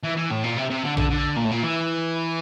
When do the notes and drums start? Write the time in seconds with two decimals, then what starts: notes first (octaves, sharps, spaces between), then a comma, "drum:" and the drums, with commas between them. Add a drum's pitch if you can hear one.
0.03 E3
0.17 E3
0.30 A2
0.43 A#2
0.57 C3
0.70 C3
0.83 D3
0.97 D3, drum: tom A#1
1.10 D3
1.36 A#2
1.44 A2
1.51 A#2
1.63 E3